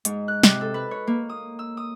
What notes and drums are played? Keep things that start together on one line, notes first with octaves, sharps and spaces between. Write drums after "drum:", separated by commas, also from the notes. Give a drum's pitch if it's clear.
G#2, drum: hi-hat
F#6
C3, drum: snare
A4
B4
C#5
A#3
D#6
E6
D#6